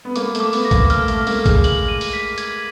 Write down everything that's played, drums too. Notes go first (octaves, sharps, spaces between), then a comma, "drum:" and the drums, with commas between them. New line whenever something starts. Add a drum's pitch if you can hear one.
B3
A#3 D6, drum: hi-hat
A3, drum: hi-hat
D6
B3, drum: open hi-hat
A#6
A#3, drum: kick, hi-hat
A3 F6, drum: hi-hat
A3, drum: hi-hat
D6
A#3, drum: open hi-hat
F6
G#3, drum: kick, hi-hat
F#7, drum: hi-hat
D#7
drum: open hi-hat
B6
G#6, drum: hi-hat